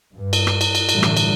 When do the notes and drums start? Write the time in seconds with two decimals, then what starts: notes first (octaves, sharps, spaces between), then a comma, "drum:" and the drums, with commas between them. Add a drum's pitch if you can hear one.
0.15 G2
0.33 drum: cymbal
0.47 drum: rim click
0.61 drum: cymbal
0.75 drum: cymbal
0.89 A2 D3 E3 G3, drum: cymbal
1.03 drum: rim click
1.17 drum: cymbal